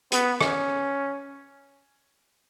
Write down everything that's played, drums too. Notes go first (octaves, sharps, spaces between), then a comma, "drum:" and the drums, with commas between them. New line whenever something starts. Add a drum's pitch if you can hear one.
B3, drum: hi-hat
C#4, drum: rim click